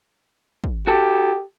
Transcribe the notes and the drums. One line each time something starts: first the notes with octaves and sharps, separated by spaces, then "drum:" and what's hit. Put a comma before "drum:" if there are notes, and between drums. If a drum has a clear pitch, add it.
drum: kick
F#4 G4 A4